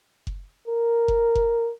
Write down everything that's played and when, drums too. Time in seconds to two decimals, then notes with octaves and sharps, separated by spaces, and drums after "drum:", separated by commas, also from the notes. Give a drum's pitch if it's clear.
0.27 drum: kick F#1
0.68 A#4
1.08 drum: kick F#1
1.35 drum: kick F#1